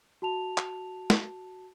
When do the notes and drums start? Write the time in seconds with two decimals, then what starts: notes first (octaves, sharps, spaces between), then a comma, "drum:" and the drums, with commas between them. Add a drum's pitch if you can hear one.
0.22 F#4 A5 F7
0.58 drum: clap
1.10 drum: snare